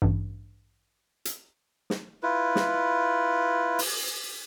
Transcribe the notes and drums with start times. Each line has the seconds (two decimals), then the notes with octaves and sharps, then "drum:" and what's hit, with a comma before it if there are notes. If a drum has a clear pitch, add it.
0.02 A1 G2
1.25 drum: hi-hat
1.90 drum: snare
2.23 E4 F4 B4
2.55 drum: snare
3.79 drum: open hi-hat